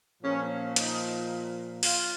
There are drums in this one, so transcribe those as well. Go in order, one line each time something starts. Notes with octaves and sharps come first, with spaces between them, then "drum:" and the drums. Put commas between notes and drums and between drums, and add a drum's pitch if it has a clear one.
A#2 F3 C#4
D#4, drum: hi-hat
F4, drum: open hi-hat